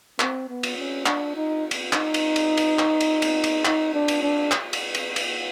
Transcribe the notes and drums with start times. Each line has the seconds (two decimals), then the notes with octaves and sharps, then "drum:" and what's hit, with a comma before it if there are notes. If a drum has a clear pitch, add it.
0.20 C4, drum: clap
0.49 B3
0.63 drum: cymbal
0.77 C#4
1.06 D4, drum: clap
1.36 D#4
1.71 drum: cymbal
1.93 D#4, drum: clap
2.14 drum: cymbal
2.36 drum: cymbal
2.57 drum: cymbal
2.79 drum: clap
3.00 drum: cymbal
3.22 drum: cymbal
3.44 drum: cymbal
3.65 D#4, drum: clap
3.94 D4
4.08 drum: cymbal
4.23 D4
4.51 drum: clap
4.73 drum: cymbal
4.94 drum: cymbal
5.16 drum: cymbal